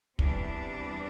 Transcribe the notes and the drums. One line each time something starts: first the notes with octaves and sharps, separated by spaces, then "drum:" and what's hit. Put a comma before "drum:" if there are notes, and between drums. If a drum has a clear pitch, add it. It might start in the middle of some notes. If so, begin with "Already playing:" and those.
E2 C3 E3 G3 D4, drum: kick